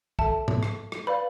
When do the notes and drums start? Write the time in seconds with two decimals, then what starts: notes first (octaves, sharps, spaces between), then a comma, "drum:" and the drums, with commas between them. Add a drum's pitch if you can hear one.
0.19 A4 E5 A5, drum: kick
0.48 drum: tom G#2
0.63 drum: rim click
0.92 drum: rim click
1.07 B4 D5 F5 B5